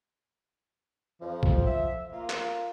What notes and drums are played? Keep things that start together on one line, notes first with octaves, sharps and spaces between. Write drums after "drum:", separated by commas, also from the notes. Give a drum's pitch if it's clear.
F2 F3
drum: kick A#1
E5
A#3 F4
drum: clap